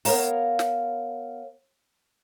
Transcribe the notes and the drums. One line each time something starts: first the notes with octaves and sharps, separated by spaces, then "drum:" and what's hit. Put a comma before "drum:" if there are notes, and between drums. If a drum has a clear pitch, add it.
B3 A#4 C#5 F5 A#5, drum: open hi-hat
drum: snare